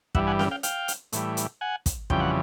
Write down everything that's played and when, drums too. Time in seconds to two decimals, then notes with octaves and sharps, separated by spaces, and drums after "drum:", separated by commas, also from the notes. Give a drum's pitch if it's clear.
0.15 G2 E3 G3 E5 F#5, drum: kick
0.27 F#5 G#5
0.39 F5 G5, drum: snare C#4
0.51 F5 G5
0.63 F5 G5, drum: hi-hat
0.88 drum: hi-hat
1.13 A2 E3 G3, drum: hi-hat
1.37 drum: hi-hat
1.61 F#5 G#5
1.86 drum: kick, hi-hat
2.10 F2 C#3 E3 G3 G5, drum: kick
2.20 F#5